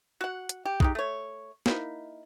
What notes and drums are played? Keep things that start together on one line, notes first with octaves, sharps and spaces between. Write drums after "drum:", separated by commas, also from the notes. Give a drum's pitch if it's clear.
F#4 F#5
drum: hi-hat
G4
G#3 D#4 G4, drum: kick
A3 C#5
A#3 D#4 E4, drum: snare